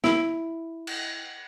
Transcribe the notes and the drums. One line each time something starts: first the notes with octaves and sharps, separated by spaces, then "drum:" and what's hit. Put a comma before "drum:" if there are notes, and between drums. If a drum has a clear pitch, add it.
E4, drum: snare
drum: cymbal